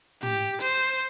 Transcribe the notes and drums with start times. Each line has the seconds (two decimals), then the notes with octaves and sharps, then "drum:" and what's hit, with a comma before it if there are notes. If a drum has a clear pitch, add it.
0.23 G4, drum: tom
0.61 C5